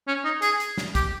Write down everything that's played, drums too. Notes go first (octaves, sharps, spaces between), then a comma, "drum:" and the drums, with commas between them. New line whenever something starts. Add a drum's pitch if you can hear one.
C#4
D#4
G#4, drum: hi-hat
drum: hi-hat
drum: snare
G4, drum: kick, hi-hat